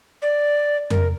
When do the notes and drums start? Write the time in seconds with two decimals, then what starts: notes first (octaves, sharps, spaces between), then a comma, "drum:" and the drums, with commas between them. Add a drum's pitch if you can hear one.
0.22 D5
0.90 A#4, drum: tom F2